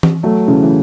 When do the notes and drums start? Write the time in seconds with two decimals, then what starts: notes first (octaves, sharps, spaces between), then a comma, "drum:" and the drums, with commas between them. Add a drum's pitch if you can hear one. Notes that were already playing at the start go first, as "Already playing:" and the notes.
0.03 drum: tom E3
0.23 F#3 A3
0.48 C#3 E3
0.62 E3